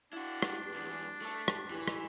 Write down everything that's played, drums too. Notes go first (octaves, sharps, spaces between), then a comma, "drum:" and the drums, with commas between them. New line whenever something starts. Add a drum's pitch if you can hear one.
D4 E4 F#4
drum: rim click
E2
A3 A4
drum: rim click
E3
drum: rim click